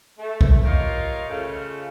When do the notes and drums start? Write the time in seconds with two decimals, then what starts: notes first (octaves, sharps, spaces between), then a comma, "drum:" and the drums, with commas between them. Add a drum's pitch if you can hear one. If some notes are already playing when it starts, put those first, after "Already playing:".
0.18 A3
0.41 drum: kick B1
0.64 F4 G4 A#4 C#5 D#5 F5
1.29 C#3 A3 F4